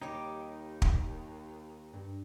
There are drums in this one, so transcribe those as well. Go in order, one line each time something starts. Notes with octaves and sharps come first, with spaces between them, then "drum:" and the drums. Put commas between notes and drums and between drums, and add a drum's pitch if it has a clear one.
D#2 G3 D#4 C#5 D6
drum: kick
G2